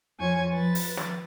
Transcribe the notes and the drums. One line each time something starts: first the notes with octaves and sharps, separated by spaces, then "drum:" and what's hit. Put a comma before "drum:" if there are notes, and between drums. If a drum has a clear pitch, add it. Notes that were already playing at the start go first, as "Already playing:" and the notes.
F2 F4 C#5 G#5 C#6 G#6
F3 B4 A6
drum: open hi-hat
drum: snare